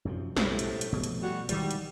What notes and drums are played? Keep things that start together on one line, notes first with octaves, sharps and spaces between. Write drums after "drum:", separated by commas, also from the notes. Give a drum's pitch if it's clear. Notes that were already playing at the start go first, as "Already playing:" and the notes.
F#2 C3 F3
B1 A2 C3, drum: snare
drum: hi-hat
drum: hi-hat
B2 F3 A3
drum: hi-hat
G3 F#4
D#3 E3 G3 G#3, drum: hi-hat
drum: hi-hat